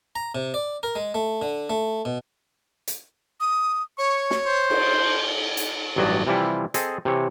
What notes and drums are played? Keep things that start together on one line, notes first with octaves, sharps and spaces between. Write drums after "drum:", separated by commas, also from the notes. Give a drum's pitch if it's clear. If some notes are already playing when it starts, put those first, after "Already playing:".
A#5
C3
D5
A#4
G#3
A3
D3
A3
B2
drum: hi-hat
D#6
C#5 C#6
drum: snare
C5
drum: cymbal
drum: hi-hat
A1 G2 F#3 D5 D#5 A5
C3 E3 F3 G3 E4 F4
C4 G#4 A4 D#5, drum: hi-hat
C3 E3 C#5